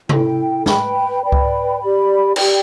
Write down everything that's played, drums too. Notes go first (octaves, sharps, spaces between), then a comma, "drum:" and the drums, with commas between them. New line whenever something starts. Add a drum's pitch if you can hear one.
E4 A4 G5, drum: tom C3
B4 G5 B5, drum: snare
B4 D5 G5 B5
drum: kick C#2
G4 D5 B5
G4 D5 G5, drum: cymbal